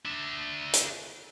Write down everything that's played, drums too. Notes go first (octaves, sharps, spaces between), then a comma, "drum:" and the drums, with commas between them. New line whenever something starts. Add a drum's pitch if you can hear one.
D4 E5
drum: hi-hat